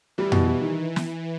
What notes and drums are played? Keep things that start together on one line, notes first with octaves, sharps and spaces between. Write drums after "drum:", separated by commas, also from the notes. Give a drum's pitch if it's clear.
E3 G3
B2, drum: tom F2
G3
D#3
drum: snare